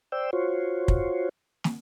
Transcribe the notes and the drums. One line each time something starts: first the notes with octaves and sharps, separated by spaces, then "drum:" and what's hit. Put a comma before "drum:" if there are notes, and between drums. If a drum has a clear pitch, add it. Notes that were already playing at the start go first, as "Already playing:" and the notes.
C5 D5 G5 E6
F4 F#4 C5 C#5
drum: kick
drum: snare